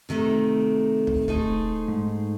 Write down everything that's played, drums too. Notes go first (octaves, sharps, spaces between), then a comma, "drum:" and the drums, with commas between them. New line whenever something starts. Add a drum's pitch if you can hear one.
C3 D#3 A3 C4
drum: kick
A3 D#4 G#4 C5, drum: kick
G#2